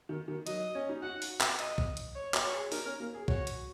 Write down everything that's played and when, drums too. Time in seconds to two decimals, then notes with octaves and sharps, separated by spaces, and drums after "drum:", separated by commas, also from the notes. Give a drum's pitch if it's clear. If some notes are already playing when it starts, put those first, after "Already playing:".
0.09 D#3
0.28 D#3
0.47 F#3 D#5, drum: hi-hat
0.75 C#4
0.89 D#4
1.02 F#4 F#5
1.22 drum: open hi-hat
1.41 drum: clap
1.59 D#5, drum: hi-hat
1.78 drum: kick
1.97 drum: hi-hat
2.16 C#5
2.34 F#4, drum: clap
2.44 C#5
2.53 G#4
2.72 D#4 A#4, drum: open hi-hat
2.86 C#4
3.00 A#3
3.14 G#4
3.28 F#4 C#5, drum: kick
3.47 drum: hi-hat